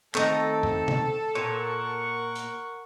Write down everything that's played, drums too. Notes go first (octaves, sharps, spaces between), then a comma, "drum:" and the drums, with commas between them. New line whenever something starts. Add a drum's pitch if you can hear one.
D#3 A3 C4 A4 D#5 A#5, drum: clap
drum: tom F2
drum: tom C3
A#2 A#4 C#5 F#5 C#6
drum: hi-hat